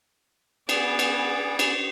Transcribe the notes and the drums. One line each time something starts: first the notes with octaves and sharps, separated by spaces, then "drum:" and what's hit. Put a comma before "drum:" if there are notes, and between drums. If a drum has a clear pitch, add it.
B3 G#4 D5, drum: cymbal
drum: cymbal
drum: cymbal